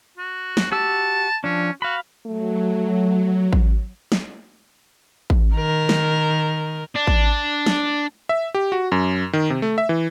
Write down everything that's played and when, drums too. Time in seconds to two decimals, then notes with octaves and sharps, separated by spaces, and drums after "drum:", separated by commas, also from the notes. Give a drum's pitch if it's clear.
0.17 F#4
0.57 drum: snare
0.72 F#4 G4 A5 E6
1.44 F3 C#4 D4
1.82 F#4 F5 B5
2.26 F#3 A3
3.53 drum: kick A1
4.12 drum: snare
5.30 drum: kick A1
5.54 D#3 A#4
5.89 drum: snare
6.95 D4
7.07 drum: kick A1
7.66 drum: snare
8.29 E5
8.54 G4
8.72 F#4
8.92 F#2
9.33 D#3
9.50 C3
9.62 A3
9.78 E5
9.89 E3